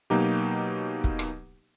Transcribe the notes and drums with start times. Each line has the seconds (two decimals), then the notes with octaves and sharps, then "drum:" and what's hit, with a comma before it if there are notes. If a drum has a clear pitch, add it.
0.10 B2 F#3 A#3 D#4 G4
1.04 drum: kick
1.19 drum: rim click